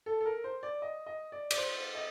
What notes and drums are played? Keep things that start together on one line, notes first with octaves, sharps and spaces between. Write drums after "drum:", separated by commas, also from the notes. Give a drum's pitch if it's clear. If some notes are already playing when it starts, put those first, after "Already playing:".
A4
A4
A#4
C5
D5
D#5
D#5
D5
D5, drum: cymbal
C5
D#5